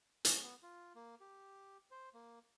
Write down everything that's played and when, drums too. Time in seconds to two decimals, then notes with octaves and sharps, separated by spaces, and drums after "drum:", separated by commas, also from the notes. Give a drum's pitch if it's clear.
0.25 C#4, drum: hi-hat
0.42 B3
0.63 F4
0.95 A#3
1.20 G4
1.91 C5
2.14 A#3